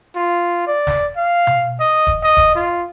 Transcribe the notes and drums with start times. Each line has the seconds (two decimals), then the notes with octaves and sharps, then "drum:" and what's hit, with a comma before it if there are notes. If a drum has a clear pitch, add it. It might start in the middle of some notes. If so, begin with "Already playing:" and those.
0.15 F4
0.67 D5
0.87 drum: snare
1.17 F5
1.47 drum: tom B2
1.80 D#5
2.07 drum: kick D#1
2.24 D#5
2.37 drum: kick D#1
2.55 F4